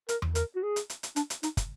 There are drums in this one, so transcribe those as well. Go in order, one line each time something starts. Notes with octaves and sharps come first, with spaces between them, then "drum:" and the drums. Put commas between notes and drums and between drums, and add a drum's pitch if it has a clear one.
A#4, drum: hi-hat
drum: tom E2
A#4, drum: hi-hat
F#4
G#4
drum: hi-hat
drum: hi-hat
drum: hi-hat
D4, drum: hi-hat
drum: hi-hat
D#4, drum: hi-hat
drum: kick, hi-hat